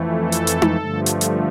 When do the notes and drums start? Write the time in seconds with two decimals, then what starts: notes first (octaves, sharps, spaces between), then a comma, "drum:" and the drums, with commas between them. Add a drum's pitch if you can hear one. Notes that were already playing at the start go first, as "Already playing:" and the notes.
Already playing: F2 E3 A3
0.17 A4
0.32 drum: hi-hat
0.47 drum: hi-hat
0.62 drum: tom D#4
0.77 G2 D3 F3 A3
1.06 drum: hi-hat
1.21 drum: hi-hat